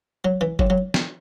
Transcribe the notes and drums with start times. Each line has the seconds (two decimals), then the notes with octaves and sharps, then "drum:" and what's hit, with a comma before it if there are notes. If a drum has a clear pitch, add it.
0.25 F#3
0.41 E3
0.59 F#3, drum: kick F#1
0.70 F#3
0.94 drum: snare